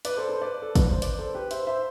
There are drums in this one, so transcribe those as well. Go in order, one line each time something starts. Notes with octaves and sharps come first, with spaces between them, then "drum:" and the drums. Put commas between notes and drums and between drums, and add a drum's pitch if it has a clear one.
B4 D5, drum: hi-hat
A4 C5
A4 C5
B4 D5
A4
B4, drum: kick, hi-hat
C5
B4 D5, drum: hi-hat
A4 C5
G4 B4
C5 E5, drum: hi-hat
C5 E5